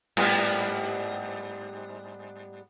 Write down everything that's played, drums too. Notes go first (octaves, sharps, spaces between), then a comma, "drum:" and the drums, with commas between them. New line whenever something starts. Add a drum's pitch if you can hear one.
G#2 G3 B3, drum: cymbal